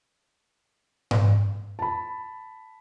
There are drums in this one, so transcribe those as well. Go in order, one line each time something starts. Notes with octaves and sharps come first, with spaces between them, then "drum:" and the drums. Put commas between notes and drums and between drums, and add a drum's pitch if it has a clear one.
drum: tom G#2
A5 B5